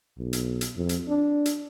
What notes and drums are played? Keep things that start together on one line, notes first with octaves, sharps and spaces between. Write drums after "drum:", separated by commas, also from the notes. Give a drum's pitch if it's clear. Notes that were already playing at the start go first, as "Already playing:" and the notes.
B1
drum: hi-hat
drum: hi-hat
F2
drum: hi-hat
D4
drum: hi-hat